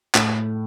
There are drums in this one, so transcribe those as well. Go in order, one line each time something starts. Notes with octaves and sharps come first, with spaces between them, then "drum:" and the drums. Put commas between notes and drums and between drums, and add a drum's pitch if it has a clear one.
A2, drum: clap